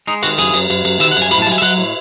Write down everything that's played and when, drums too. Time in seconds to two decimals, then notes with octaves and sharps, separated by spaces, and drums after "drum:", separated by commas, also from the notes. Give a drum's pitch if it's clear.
0.07 G#3 D#4
0.23 D#3 F#4, drum: cymbal
0.38 F#2 G#4, drum: cymbal
0.54 F#2, drum: cymbal
0.70 F#2, drum: cymbal
0.85 F#2, drum: cymbal
1.00 D#3 E5, drum: cymbal
1.11 F#5
1.17 F#2, drum: cymbal
1.22 G#5
1.31 A2 B5, drum: cymbal
1.42 A5
1.47 F#3 G#5, drum: cymbal
1.58 E5
1.62 F#3 F#5, drum: cymbal
1.77 A2